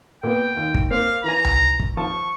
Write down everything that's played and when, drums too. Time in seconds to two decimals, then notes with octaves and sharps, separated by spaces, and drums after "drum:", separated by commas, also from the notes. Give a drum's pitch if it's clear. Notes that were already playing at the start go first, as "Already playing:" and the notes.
0.23 A#2 B3 G5
0.57 D#2
0.74 drum: kick
0.91 A#3 C4 F5
1.24 E3 G#5 A#5
1.45 drum: tom C#2
1.80 drum: kick
1.97 F3 A5 C#6